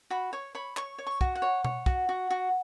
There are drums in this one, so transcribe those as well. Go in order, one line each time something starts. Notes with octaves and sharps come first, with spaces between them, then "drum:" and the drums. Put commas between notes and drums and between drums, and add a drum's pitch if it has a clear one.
F#4 B5
C#5 C#6
C#5 B5
C#5 C#6, drum: clap
C#5
C#6
F#4, drum: kick
F#5
C#5
C#5, drum: tom B2
F#4, drum: kick
F#4
F#4